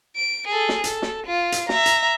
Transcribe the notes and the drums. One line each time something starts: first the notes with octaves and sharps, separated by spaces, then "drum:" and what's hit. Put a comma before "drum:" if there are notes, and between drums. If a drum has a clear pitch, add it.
D7
G#4 A4
drum: snare
A4, drum: hi-hat
drum: snare
F4
drum: hi-hat
E5 A#5, drum: snare
drum: hi-hat